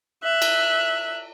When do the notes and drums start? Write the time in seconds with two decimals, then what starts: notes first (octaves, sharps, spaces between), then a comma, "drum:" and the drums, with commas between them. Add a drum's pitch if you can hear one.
0.24 E5 F#6
0.42 drum: cymbal